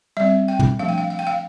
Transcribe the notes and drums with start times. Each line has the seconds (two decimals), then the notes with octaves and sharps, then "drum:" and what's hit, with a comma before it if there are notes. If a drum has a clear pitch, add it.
0.17 G3 C4 E5
0.48 G5
0.59 drum: tom
0.79 F3 A3 D4 F5
0.89 G5
0.98 F5
1.10 F5
1.19 G5
1.27 F5